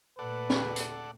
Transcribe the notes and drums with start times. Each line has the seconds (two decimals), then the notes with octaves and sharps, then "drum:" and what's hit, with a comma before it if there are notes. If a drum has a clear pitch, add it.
0.19 A#2 A3 A4 B4 D5 F#5
0.50 drum: snare
0.76 drum: hi-hat